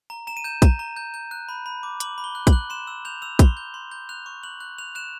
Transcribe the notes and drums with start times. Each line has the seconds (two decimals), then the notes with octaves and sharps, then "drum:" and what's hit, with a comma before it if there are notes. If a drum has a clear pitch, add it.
0.10 A#5
0.27 A#5 E7
0.37 D#7
0.44 G6 E7
0.62 A#5, drum: kick, hi-hat
0.79 A#5
0.97 G6
1.14 G6
1.31 F#6
1.49 B5
1.66 B5
1.83 D6
2.00 D6 F#7, drum: hi-hat
2.18 B5
2.24 G7
2.35 F#6
2.47 F#7, drum: kick, hi-hat
2.53 F#6
2.70 C6 E7
2.87 E6
3.05 G6 F7
3.22 E6 F7
3.39 C6 G7, drum: kick, hi-hat
3.57 G6
3.74 C6
3.91 G6
4.09 F#6 F7
4.26 C#6
4.43 F#6 F#7
4.60 F#6
4.78 F#6 F7
4.95 F#6 E7